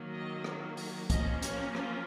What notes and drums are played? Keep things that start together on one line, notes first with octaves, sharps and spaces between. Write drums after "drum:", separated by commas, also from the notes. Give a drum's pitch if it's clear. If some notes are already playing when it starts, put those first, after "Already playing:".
Already playing: D#3 F#3 A#3
D#5
drum: rim click
drum: open hi-hat
F3 A#3 C#4 D#5, drum: kick, hi-hat
C#5, drum: hi-hat
F4, drum: rim click